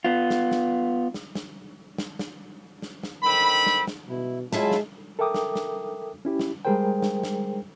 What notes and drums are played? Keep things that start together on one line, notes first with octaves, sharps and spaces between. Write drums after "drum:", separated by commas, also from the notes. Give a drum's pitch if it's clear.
B3 F4
drum: snare
drum: snare
drum: snare
drum: snare
drum: snare
drum: snare
drum: snare
drum: snare
D3 D#3 C4 B5
drum: snare
drum: snare
B2 E4
F#3 G#3 E4 F4 G#4 E5 A5, drum: snare
drum: snare
A4 A#4 E5 G5 D6 D#6
drum: snare
drum: snare
C#4 E4 G4
drum: snare
G3 G#3 G#4 A#4 C5 G5
drum: snare
drum: snare